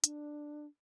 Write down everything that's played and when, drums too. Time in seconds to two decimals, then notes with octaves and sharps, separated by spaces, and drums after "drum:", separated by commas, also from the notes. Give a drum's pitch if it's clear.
0.04 D4, drum: hi-hat